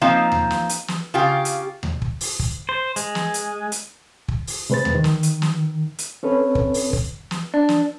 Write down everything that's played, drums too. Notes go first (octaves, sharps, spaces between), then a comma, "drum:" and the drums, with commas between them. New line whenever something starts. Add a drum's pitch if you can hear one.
F3 A#3 C4 D#4 F5
drum: tom D#2
drum: snare
drum: hi-hat
drum: snare
C#3 F4 G4
drum: hi-hat
drum: tom D#2
drum: kick
drum: open hi-hat
drum: kick
C5
G#3, drum: hi-hat
drum: snare
drum: hi-hat
drum: hi-hat
drum: kick
drum: open hi-hat
C3 G#3 B4 C5 A6
drum: tom D#2
D#3
drum: snare
drum: hi-hat
drum: snare
drum: hi-hat
C4 C#4 A4 B4 C#5
drum: kick
drum: open hi-hat
drum: kick
drum: snare
D4
drum: snare